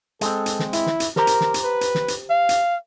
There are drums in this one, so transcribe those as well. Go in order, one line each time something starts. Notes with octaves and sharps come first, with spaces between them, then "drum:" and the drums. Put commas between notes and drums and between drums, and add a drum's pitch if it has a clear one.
G#3 C4 A4, drum: hi-hat
drum: hi-hat
drum: snare
E4, drum: hi-hat
drum: snare
drum: hi-hat
G4 A#4 C5 A#5, drum: snare
drum: hi-hat
drum: snare
drum: hi-hat
B4
drum: hi-hat
drum: snare
drum: hi-hat
F5
drum: hi-hat